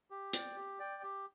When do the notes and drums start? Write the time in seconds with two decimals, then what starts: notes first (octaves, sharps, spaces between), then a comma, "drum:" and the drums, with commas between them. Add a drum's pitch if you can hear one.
0.10 G4
0.33 D5 G5, drum: hi-hat
0.56 G4
0.79 D5 G5
1.03 G4